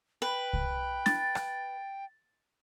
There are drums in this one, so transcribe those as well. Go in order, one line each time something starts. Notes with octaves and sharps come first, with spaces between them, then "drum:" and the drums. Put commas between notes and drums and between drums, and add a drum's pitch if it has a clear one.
B4 G5
drum: kick C2
A6, drum: snare
drum: rim click